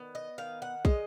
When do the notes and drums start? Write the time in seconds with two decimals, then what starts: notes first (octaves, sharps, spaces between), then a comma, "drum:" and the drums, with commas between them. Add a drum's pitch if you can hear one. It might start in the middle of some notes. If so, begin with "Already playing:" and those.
Already playing: D#3 B3
0.15 D#5
0.38 D#3 F5
0.62 F#5
0.85 G#3 D#5, drum: kick